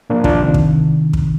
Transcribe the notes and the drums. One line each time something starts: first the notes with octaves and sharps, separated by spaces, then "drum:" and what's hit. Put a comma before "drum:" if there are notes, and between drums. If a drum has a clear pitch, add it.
A#2 F3 A#3 D4
D4 F4, drum: kick
C3 D#3
drum: kick
drum: kick